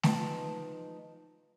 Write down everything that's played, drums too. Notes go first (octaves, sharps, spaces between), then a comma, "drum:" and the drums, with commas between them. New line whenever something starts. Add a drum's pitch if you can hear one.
F3 G#3 D#4 B4 A5, drum: snare A3